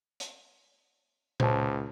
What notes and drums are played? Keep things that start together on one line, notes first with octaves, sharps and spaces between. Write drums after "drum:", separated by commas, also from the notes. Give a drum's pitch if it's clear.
drum: hi-hat
C#2 C5 A5, drum: tom A#2